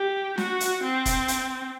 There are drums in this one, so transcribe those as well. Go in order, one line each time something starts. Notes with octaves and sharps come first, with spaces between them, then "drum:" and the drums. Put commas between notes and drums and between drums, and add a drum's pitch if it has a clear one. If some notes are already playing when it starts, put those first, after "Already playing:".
Already playing: G4
F#4, drum: snare
drum: hi-hat
C4
drum: kick E1, hi-hat
drum: hi-hat